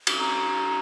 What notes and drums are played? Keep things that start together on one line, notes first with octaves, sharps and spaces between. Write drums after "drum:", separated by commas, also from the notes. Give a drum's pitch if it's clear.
drum: cymbal
A#5